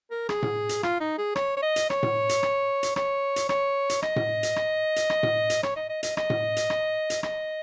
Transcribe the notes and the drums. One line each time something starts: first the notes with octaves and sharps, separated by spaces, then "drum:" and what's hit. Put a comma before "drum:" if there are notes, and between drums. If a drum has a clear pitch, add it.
A#4
G#4, drum: rim click
drum: tom A2
drum: hi-hat
F4, drum: rim click
D#4
G#4
C#5, drum: rim click
C#5
D#5
drum: hi-hat
C#5, drum: rim click
drum: tom A2
drum: hi-hat
drum: rim click
drum: hi-hat
C#5, drum: rim click
drum: hi-hat
C#5, drum: rim click
drum: hi-hat
D#5, drum: rim click
drum: tom A2
drum: hi-hat
drum: rim click
drum: hi-hat
drum: rim click
drum: tom A2
drum: hi-hat
C#5, drum: rim click
D#5
D#5
D#5, drum: hi-hat
D#5, drum: rim click
drum: tom A2
drum: hi-hat
drum: rim click
drum: hi-hat
D#5, drum: rim click